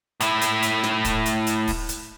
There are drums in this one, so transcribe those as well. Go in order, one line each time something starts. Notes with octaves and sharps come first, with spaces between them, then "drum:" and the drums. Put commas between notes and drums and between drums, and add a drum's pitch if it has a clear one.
A2 E4, drum: hi-hat
drum: hi-hat
drum: hi-hat
drum: snare
drum: kick, hi-hat
drum: hi-hat
drum: hi-hat
drum: kick, open hi-hat
drum: hi-hat